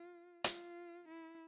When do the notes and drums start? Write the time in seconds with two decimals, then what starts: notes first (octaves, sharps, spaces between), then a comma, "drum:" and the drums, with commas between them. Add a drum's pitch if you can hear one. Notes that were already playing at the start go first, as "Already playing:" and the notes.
Already playing: F4
0.44 F4, drum: hi-hat
1.09 E4